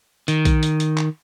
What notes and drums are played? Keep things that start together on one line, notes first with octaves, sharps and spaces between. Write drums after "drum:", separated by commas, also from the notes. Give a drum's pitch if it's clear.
D#3, drum: hi-hat
drum: kick A#1, hi-hat
drum: hi-hat
drum: hi-hat
drum: clap